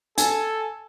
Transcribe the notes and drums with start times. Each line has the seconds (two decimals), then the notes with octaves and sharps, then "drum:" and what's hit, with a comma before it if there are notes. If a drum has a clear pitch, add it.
0.18 A4 G#5, drum: hi-hat